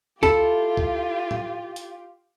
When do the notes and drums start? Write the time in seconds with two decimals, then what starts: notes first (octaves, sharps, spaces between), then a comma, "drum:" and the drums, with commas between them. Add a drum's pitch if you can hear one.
0.23 E4 F4 G4 A4, drum: kick C#2
0.77 drum: kick C#2
1.31 drum: tom A2
1.76 drum: hi-hat